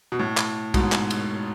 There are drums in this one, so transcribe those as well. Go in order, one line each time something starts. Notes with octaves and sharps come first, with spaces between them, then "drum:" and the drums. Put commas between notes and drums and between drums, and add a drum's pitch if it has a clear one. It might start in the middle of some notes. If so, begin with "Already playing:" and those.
B2
A2
drum: clap
G#2 B2, drum: kick, cymbal
drum: clap
drum: cymbal